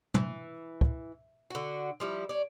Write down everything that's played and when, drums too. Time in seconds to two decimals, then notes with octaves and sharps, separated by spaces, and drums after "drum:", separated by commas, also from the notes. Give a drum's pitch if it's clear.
0.14 E3, drum: tom
0.81 drum: kick
1.50 D3 F#4
2.00 F3 G3 E4
2.29 C#5 D5